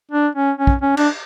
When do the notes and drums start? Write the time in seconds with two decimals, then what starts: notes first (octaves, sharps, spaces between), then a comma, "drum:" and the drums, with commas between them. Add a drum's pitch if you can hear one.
0.11 D4
0.35 C#4
0.58 C#4
0.67 drum: kick
0.82 C#4
0.97 D4, drum: cymbal